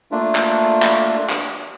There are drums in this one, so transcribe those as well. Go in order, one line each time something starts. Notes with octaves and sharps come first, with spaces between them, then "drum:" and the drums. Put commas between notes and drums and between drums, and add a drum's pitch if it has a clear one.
A3 A#3 D4 F4
drum: clap
drum: clap
drum: clap